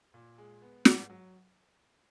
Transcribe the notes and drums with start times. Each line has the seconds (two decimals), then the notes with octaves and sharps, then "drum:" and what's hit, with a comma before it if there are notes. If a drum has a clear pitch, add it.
0.14 A#2
0.38 G#3
0.62 B3
0.85 G#2, drum: snare
1.10 F#3